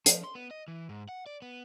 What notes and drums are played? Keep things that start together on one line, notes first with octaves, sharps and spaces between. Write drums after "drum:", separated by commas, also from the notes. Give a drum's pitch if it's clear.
F3, drum: hi-hat
C6
B3
D#5
E3
G#2
F#5
D5
B3